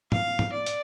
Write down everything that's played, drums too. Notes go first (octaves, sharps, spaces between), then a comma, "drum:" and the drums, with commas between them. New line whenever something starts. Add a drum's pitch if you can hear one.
F5, drum: tom
drum: tom
D5
drum: hi-hat